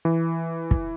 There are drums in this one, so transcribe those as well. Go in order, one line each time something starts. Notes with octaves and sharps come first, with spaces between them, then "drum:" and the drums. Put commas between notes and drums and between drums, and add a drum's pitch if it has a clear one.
E3
drum: kick